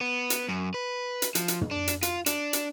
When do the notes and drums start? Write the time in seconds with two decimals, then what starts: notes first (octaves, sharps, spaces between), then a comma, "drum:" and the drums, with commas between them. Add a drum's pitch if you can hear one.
0.01 B3
0.30 drum: hi-hat
0.49 F#2
0.74 B4
1.22 drum: hi-hat
1.35 F3, drum: hi-hat
1.48 drum: hi-hat
1.61 drum: tom
1.71 D4
1.88 drum: hi-hat
2.03 F4, drum: hi-hat
2.26 D4, drum: hi-hat
2.53 drum: hi-hat